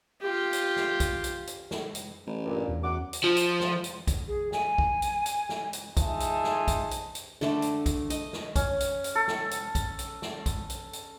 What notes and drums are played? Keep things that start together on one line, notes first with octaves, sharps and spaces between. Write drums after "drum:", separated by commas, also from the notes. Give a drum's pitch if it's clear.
F4 G4
drum: hi-hat
drum: snare
drum: kick A#1, hi-hat
drum: hi-hat
drum: hi-hat
drum: snare
drum: hi-hat
A1
G2 A#2
E2
F#2 F#5 D6
drum: hi-hat
F3
drum: hi-hat
drum: snare
drum: hi-hat
drum: kick A#1, hi-hat
G#4
G#5, drum: snare
drum: kick A#1
drum: hi-hat
drum: hi-hat
drum: snare
drum: hi-hat
D#4 F4 G#4 E5 G#5 A5, drum: kick A#1, hi-hat
drum: hi-hat
drum: snare
drum: kick A#1, hi-hat
drum: hi-hat
drum: hi-hat
D3 A3, drum: snare
drum: hi-hat
drum: kick A#1, hi-hat
D#5, drum: hi-hat
drum: snare
C#4, drum: kick A#1, hi-hat
drum: hi-hat
drum: hi-hat
A4
drum: snare
drum: hi-hat
drum: kick A#1, hi-hat
drum: hi-hat
drum: snare
drum: kick A#1, hi-hat
drum: hi-hat
drum: hi-hat